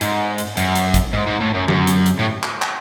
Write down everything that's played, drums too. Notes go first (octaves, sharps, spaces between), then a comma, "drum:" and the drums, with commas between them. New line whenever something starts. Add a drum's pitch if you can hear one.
G#2, drum: hi-hat
drum: hi-hat
F#2, drum: hi-hat
drum: hi-hat
drum: kick, hi-hat
G#2
G#2
A2
F#2
F#2, drum: tom D3
drum: hi-hat
drum: hi-hat
A2
drum: clap
drum: clap